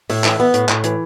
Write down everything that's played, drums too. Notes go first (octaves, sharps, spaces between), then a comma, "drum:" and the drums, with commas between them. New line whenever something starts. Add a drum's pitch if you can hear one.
A2 E5, drum: open hi-hat
E3, drum: clap
B3
A2, drum: hi-hat
A2, drum: clap
E3, drum: hi-hat